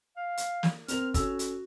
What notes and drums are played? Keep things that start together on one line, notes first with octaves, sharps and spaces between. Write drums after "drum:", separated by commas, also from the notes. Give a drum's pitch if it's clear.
F5
drum: hi-hat
drum: snare
C4 A#4 F6 F7, drum: hi-hat
C#4 F#4 A4 E6, drum: kick, hi-hat
drum: hi-hat